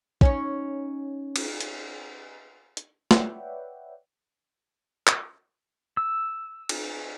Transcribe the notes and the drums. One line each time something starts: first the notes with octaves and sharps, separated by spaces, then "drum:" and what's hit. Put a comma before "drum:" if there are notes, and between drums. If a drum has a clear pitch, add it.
C#4 D#4 C#5, drum: kick
drum: cymbal
drum: hi-hat
drum: hi-hat
B4 C#5 D5 E5 F#5 G5, drum: snare
drum: clap
E6
drum: cymbal